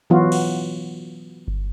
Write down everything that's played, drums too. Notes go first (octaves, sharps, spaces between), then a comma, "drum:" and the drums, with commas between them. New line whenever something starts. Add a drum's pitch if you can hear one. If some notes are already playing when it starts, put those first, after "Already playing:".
E3 F#3 B3 F4 F#4
drum: cymbal
drum: kick G1